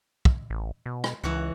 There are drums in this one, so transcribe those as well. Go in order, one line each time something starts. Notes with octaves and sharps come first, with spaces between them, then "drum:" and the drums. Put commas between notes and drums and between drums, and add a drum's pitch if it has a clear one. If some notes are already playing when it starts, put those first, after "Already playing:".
drum: kick
A1
B2
drum: rim click
C#2 E3 F#4 F#5